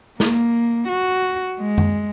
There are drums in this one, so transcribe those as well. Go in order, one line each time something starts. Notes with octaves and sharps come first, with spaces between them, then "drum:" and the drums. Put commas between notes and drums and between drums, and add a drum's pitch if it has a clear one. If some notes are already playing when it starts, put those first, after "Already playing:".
A#3, drum: snare
F#4
G#3
drum: tom F#2